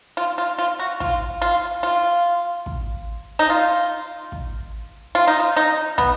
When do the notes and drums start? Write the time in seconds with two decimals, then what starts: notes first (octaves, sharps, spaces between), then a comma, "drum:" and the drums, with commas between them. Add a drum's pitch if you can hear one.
0.17 F4
0.38 F4
0.58 F4
0.79 F#4
1.00 F4, drum: kick
1.42 F4
1.83 F4
2.66 drum: kick
3.39 D#4
3.50 F4
4.32 drum: kick
5.15 F4
5.27 D#4
5.40 F4
5.56 D#4
5.98 B3, drum: kick